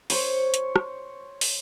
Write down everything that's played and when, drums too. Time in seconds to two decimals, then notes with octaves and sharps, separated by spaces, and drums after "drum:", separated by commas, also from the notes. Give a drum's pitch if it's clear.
0.10 C5 C#5, drum: open hi-hat
0.54 drum: hi-hat
0.76 drum: rim click
1.41 drum: open hi-hat